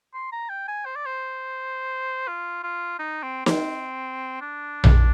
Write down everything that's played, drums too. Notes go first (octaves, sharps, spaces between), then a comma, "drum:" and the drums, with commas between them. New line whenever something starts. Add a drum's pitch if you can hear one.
C6
A#5
G5
G#5
C5
D5
C5
F4
F4
D#4
C4
C4, drum: snare
D4
drum: tom A#1